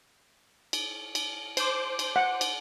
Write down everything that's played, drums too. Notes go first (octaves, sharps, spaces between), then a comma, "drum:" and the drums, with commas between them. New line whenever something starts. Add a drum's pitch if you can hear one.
drum: cymbal
drum: cymbal
C5 D6, drum: cymbal
drum: cymbal
F#5
drum: cymbal